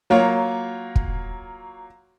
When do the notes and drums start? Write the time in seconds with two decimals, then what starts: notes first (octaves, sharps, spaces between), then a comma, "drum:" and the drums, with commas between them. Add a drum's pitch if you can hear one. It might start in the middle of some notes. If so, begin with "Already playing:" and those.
0.10 F#3 A#3 F4 C#5
0.96 drum: kick